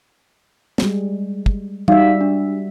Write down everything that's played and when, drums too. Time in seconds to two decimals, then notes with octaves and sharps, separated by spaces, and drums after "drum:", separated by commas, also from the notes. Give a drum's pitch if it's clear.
0.78 G3 G#3, drum: snare
1.46 drum: kick
1.88 G3 D#4 F#4 E5 F5, drum: tom
2.21 D4